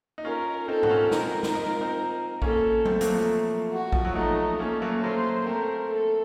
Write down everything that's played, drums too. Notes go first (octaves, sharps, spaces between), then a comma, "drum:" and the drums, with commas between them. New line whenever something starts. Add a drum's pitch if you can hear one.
D#4
C#4 F4 A#4
C4 D#4 A4
F#4, drum: tom G#2
C#4 F4
C4 D#4 A#4, drum: snare
drum: snare
D#4
F4
C4 D#4
A#3 C#4 A4, drum: kick
A3 C4, drum: tom F#3
F#3 A#3, drum: hi-hat
F3 A3
F#4
F3, drum: kick
F#3
F3 A3 D#4
A#3 C#4 A4
A3
F#3 A#3
F#3 A#3 C5
A3 C4 A#4
A4